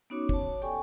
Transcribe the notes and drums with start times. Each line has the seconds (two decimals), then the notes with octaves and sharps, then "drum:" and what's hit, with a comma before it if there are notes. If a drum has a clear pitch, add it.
0.10 B3 C#4 D#4 F#4 C#5 D6
0.29 C#5 A5, drum: kick
0.61 G4 A4 D5 G5 G#5 C#6